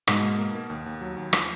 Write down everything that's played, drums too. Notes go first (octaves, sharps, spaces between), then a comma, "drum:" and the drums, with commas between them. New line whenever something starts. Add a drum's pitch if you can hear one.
G#2 B2, drum: rim click
A#3
A#3
A#3
D#2
D#2
F#3
D#2
F3, drum: rim click